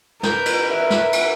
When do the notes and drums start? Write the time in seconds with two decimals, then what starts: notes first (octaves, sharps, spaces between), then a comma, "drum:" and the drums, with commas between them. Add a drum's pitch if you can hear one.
0.23 A#4 B4 G6, drum: snare
0.46 drum: cymbal
0.70 E5
0.90 drum: snare
1.13 drum: cymbal